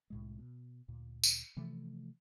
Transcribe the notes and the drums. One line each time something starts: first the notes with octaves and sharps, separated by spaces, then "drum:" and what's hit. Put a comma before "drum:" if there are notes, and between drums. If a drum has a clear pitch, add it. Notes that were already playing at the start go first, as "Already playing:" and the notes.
C2 A2 G#3
B2
D2 A#2
drum: tambourine
C3 E3 F3 A3